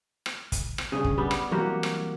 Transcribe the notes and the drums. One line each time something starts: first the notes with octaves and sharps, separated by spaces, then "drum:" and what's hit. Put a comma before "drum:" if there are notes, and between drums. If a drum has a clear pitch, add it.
drum: rim click
drum: kick, hi-hat
drum: rim click
G2 C#3 G#4
drum: kick
G3 B3
drum: rim click
C2 E3 F#3 A#3 F#4 G4
drum: rim click